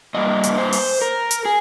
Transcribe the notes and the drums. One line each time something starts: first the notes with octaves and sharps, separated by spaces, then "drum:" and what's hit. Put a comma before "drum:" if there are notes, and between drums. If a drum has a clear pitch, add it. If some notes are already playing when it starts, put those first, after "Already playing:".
G2 G3 A#3 D#5
drum: hi-hat
C5
drum: open hi-hat
A#4
drum: hi-hat
G#4